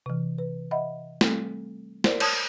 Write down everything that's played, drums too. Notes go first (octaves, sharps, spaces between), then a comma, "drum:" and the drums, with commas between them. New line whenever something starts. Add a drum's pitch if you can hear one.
C3 E3
B4
D#5 E5 F#5 B5
G3 A3 C4 A4, drum: snare
A#4 C5 D5, drum: snare
C#5 A5 D#6 G#6, drum: cymbal